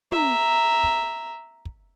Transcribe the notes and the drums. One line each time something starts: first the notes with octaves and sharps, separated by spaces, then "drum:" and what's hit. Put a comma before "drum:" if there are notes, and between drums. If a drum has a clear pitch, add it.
E5 A#5, drum: tom
drum: kick
drum: kick